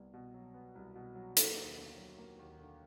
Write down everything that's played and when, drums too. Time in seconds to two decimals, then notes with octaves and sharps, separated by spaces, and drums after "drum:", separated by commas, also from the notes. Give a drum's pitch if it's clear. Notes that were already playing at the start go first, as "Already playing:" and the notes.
Already playing: C2 B3
0.14 B2
0.34 F#3
0.54 B3
0.75 C2
0.95 B2
1.16 F#3
1.37 A#3 A4, drum: hi-hat
1.57 D#2
1.77 D3
1.98 F#3
2.18 A#3
2.39 D#2
2.59 D3